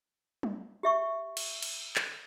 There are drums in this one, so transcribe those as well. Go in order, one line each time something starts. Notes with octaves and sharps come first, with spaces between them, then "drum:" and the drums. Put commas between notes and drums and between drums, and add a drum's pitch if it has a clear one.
drum: tom
G4 E5 C#6
drum: cymbal
drum: cymbal
drum: clap